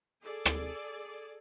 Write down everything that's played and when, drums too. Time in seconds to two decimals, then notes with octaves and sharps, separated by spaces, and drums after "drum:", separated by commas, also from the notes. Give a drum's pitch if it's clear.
0.22 G#4 A4 D5
0.45 drum: rim click